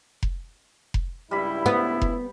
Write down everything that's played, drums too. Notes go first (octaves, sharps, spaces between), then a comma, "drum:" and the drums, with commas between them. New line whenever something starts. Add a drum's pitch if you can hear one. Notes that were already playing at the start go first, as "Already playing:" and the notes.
drum: kick F1
drum: kick F1
C#2 G2 G3 E4 B5
B3
drum: kick F1